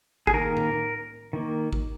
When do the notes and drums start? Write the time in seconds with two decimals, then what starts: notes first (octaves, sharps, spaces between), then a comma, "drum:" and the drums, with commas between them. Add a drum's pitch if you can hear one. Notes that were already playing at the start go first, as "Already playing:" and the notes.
0.27 G#4, drum: kick G#1
0.34 D#3 A#3 A#4
0.57 drum: tom A2
1.33 D#3 A#3
1.73 drum: kick G#1